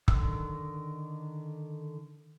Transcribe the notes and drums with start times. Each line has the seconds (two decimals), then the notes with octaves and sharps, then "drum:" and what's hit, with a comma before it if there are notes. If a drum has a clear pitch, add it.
0.08 D3 D#3 E6, drum: kick